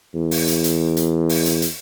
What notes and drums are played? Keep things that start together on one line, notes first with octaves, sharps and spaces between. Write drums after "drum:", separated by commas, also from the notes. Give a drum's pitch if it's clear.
E2
drum: open hi-hat
drum: hi-hat
drum: hi-hat
drum: hi-hat
drum: open hi-hat
drum: hi-hat
drum: hi-hat